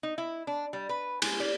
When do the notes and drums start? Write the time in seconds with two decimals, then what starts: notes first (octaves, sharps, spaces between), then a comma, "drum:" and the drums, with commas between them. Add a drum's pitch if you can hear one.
0.03 D#4
0.18 E4
0.47 D4
0.73 G3
0.89 B4
1.22 G#3, drum: cymbal
1.40 D5